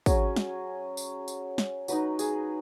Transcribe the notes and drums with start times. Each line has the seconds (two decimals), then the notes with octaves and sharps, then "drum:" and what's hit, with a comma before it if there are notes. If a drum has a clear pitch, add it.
0.06 F#3 C#4 G#4, drum: kick, tambourine
0.36 drum: snare
0.97 drum: tambourine
1.28 drum: tambourine
1.58 drum: snare
1.88 F#3 D#4 B4, drum: tambourine
2.19 G#4, drum: tambourine